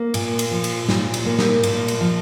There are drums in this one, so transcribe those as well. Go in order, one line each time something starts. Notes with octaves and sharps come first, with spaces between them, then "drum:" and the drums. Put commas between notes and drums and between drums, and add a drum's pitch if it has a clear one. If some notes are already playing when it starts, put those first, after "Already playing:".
Already playing: A#3
A#2, drum: cymbal
drum: cymbal
F3
drum: cymbal
A#2, drum: snare
drum: cymbal
A#3
drum: snare
A#2, drum: cymbal
drum: cymbal
F3